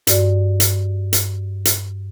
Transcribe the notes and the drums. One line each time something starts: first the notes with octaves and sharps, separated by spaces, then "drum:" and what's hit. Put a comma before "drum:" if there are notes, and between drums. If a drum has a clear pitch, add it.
G2 F#4 D5, drum: hi-hat
drum: hi-hat
drum: hi-hat
drum: hi-hat